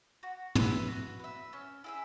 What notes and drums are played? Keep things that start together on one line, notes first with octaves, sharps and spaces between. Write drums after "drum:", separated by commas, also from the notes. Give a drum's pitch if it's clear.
F#4
B4 E5, drum: tom
F#4
B4 E5
C#4
E4 G#4 E5